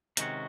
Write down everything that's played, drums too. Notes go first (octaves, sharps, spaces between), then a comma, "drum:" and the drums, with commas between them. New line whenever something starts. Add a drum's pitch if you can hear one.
C3 D#3 G#3 C#4 F#4, drum: hi-hat